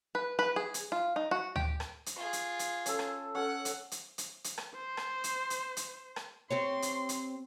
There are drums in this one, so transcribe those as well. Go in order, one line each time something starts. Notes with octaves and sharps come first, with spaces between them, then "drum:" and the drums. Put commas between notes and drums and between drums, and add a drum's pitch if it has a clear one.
B4
B4
G#4
drum: hi-hat
F4
D#4
F#4
G4, drum: tom D2
drum: rim click
drum: hi-hat
F4 G#4 C#6
drum: hi-hat
drum: hi-hat
C#4 A4, drum: hi-hat
drum: rim click
C#4 A4 F#5
drum: hi-hat
drum: hi-hat
drum: hi-hat
drum: hi-hat
drum: rim click
C5
drum: rim click
drum: hi-hat
drum: hi-hat
drum: hi-hat
drum: rim click
C4 G4 C#5 C6
drum: hi-hat
drum: hi-hat